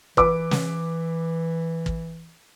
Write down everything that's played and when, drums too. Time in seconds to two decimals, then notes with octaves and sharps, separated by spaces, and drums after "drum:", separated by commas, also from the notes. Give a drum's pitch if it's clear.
0.17 E3 B4 D6 E6, drum: kick
0.51 drum: snare
1.86 drum: kick